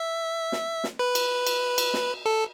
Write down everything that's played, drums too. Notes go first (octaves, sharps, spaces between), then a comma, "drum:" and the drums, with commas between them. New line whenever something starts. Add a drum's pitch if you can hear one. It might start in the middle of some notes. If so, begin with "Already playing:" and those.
Already playing: E5
drum: snare
drum: snare
B4
drum: cymbal
drum: cymbal
drum: cymbal
drum: snare
A4